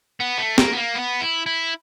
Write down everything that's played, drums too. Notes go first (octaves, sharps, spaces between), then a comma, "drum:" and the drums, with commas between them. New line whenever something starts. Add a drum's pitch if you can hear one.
B3
A3
A#3, drum: snare
B3
A#3
B3
E4
E4